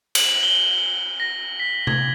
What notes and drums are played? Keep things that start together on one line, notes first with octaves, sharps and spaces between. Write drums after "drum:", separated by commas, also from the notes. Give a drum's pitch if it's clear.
F#7, drum: cymbal
G7
A#6
B6
G#6, drum: tom C3